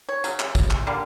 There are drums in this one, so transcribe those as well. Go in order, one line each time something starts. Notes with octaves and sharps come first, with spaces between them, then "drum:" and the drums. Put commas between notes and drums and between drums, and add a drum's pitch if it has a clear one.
C#5
C#3 F#3, drum: tambourine
drum: clap
drum: kick, tambourine
drum: clap
D3 G3 A#3